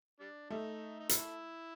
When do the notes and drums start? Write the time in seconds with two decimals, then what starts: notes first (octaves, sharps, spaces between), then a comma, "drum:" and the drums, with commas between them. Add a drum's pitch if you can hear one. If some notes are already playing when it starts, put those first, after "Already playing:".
0.20 G3 D4
0.50 G3 A3 D#4
1.00 D#4
1.09 E4, drum: hi-hat